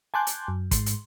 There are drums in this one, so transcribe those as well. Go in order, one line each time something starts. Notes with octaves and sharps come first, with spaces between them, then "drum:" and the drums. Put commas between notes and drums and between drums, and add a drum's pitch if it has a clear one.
G#5 A5 C6 D6 F#6 G6
drum: hi-hat
F#2
G#2 C6, drum: kick, hi-hat
drum: hi-hat